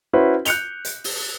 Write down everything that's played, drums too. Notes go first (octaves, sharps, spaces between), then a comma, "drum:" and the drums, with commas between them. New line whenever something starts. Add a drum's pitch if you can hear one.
C#4 E4 F#4 B4 C5
F#6 G6 C#7 F7 G7, drum: hi-hat
drum: hi-hat
drum: open hi-hat